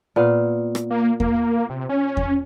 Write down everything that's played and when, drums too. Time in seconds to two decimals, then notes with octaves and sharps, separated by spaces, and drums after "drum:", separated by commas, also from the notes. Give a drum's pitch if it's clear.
0.16 A#2 B3 F5
0.75 drum: rim click
0.90 A#3
1.20 A#3, drum: kick E2
1.70 C3
1.89 C#4
2.17 drum: kick E2